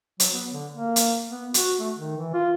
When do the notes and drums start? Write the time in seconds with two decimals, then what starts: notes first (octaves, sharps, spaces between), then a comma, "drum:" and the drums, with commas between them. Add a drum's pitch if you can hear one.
0.20 F#3, drum: hi-hat
0.33 B3
0.52 D3
0.73 A#3
0.96 drum: hi-hat
1.30 B3
1.54 F#4, drum: hi-hat
1.79 A3
1.98 D#3
2.17 E3
2.34 F4